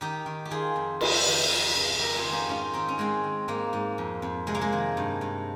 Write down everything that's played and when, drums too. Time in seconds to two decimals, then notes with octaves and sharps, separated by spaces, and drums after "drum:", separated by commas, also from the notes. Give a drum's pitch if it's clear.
0.01 D#3 D#4 G4
0.26 D#3
0.45 G4
0.50 D#3 F4 G#4
0.76 F2
1.01 F2, drum: cymbal
1.25 D#3
1.50 F2
1.75 C#3
1.98 F2 G4 A#4
2.16 F4 G#4
2.24 D#3
2.32 D#4 G4
2.47 G#2 C#4 F4
2.74 D#3 C4 D#4
2.88 C#4
2.97 G#2 G#3 C4
3.24 D#3
3.48 G#2 A#3
3.73 G#2
3.98 F2
4.22 F2
4.47 C3 G#3
4.55 A#3
4.61 G#3
4.73 D#3
4.97 G2
5.21 G2